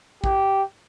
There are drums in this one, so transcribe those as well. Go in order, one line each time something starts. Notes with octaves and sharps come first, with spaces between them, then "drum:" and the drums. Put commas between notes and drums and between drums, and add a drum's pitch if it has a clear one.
G4, drum: kick